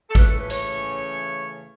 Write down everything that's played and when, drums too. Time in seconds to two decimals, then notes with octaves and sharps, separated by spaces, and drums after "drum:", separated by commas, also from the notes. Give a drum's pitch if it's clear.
0.10 A4
0.15 C#3 E3 A3 C#4 B4, drum: kick G#1
0.27 A4
0.38 B4
0.50 C#5, drum: hi-hat